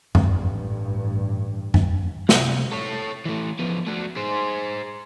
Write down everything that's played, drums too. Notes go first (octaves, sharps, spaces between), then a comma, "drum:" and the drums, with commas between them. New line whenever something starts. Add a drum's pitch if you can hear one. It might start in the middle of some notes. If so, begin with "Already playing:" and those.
A1 G2, drum: tom
drum: tom
C2, drum: snare
A4 C#5
E3 A3
F3 B3
A3 F#4
G#4 C5